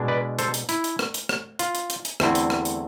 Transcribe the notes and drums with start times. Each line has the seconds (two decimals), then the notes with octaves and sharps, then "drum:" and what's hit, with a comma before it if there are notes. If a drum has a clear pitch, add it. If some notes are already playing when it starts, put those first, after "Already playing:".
Already playing: B2 G#3 D4
0.08 B4 D5
0.39 A4 C5, drum: hi-hat
0.54 drum: hi-hat
0.69 E4, drum: hi-hat
0.84 drum: hi-hat
0.99 drum: rim click
1.14 drum: hi-hat
1.29 drum: rim click
1.59 F4, drum: hi-hat
1.75 drum: hi-hat
1.90 drum: hi-hat
2.05 drum: hi-hat
2.20 E2 D3 A3 C4 E4, drum: rim click
2.35 drum: hi-hat
2.50 drum: rim click
2.65 drum: hi-hat